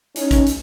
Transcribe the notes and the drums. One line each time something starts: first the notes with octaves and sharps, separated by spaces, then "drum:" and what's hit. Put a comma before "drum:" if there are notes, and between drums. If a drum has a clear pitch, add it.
C#4 D#4, drum: hi-hat
drum: kick, hi-hat
drum: hi-hat